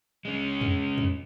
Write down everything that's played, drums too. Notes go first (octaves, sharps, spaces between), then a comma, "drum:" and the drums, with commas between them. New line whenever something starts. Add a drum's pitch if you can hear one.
G#3 C#4
drum: tom E2
drum: tom E2